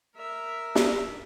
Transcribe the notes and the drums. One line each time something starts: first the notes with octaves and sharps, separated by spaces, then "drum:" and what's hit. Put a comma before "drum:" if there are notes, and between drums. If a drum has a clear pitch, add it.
A#4 E5
drum: snare